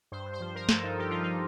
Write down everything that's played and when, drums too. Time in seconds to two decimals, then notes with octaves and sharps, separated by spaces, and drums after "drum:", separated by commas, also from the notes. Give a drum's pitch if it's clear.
0.12 G2 C5
0.26 G2
0.33 C5
0.40 F3
0.54 F3 A#4
0.69 G2 A4, drum: snare
0.83 G2 D#4
0.98 F3 G4
1.10 F3 F4
1.22 D#4